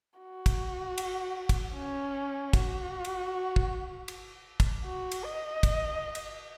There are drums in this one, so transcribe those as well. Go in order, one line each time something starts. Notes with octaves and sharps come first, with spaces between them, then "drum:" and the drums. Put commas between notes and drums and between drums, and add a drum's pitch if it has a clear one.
F#4
drum: kick, cymbal
drum: cymbal
drum: kick, cymbal
C#4
F#4, drum: kick, cymbal
drum: cymbal
drum: kick
drum: cymbal
drum: kick, cymbal
F#4
drum: cymbal
D#5
drum: kick, cymbal
drum: cymbal